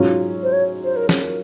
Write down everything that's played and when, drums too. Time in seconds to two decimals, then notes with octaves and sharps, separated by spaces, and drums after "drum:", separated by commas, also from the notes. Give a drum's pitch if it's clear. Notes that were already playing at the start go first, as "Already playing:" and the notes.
Already playing: G#2 F#3 C#4 F4
0.43 C5
0.53 C#5
0.84 C5
0.96 A#4
1.09 G#4, drum: snare
1.22 A#4